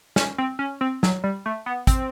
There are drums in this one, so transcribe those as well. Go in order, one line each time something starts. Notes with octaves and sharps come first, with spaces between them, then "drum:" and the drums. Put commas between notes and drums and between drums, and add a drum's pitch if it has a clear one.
C#4, drum: snare
C4
C#4
C4
F#3, drum: snare
G3
A3
B3
C4, drum: kick, hi-hat